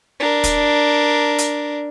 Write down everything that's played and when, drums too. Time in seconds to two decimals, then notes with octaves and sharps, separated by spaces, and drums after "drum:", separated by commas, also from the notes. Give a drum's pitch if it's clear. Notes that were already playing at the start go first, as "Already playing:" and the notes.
0.20 D4 A#4
0.44 drum: kick, hi-hat
1.38 drum: hi-hat